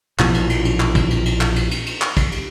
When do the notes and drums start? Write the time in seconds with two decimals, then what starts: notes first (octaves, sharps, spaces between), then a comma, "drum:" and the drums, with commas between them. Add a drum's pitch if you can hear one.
0.19 A#1 B2 E3 F3, drum: clap
0.34 drum: cymbal
0.50 drum: cymbal
0.65 drum: cymbal
0.80 drum: clap
0.95 drum: kick, cymbal
1.10 drum: cymbal
1.26 drum: cymbal
1.41 drum: clap
1.56 drum: cymbal
1.71 drum: cymbal
1.86 drum: cymbal
2.01 drum: clap
2.17 drum: kick, cymbal
2.32 drum: cymbal